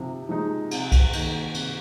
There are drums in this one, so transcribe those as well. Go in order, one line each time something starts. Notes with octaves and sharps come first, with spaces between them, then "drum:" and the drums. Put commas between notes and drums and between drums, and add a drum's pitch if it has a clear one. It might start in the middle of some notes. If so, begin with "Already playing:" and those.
Already playing: C3 F3 D#4
F3 G#3 D#4
C3, drum: cymbal
drum: kick C2, cymbal
D#3 A#3, drum: cymbal
C3, drum: cymbal